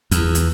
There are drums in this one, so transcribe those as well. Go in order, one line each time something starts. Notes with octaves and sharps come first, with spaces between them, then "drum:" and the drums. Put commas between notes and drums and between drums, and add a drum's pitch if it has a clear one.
E2, drum: hi-hat
drum: hi-hat